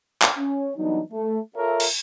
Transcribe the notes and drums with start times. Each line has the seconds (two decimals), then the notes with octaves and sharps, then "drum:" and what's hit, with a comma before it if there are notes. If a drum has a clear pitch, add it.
0.22 drum: clap
0.37 C#4
0.77 E3 F#3 G3 B3 D4 D#4
1.12 A3
1.56 F4 A4 A#4 C#5 E5
1.80 drum: cymbal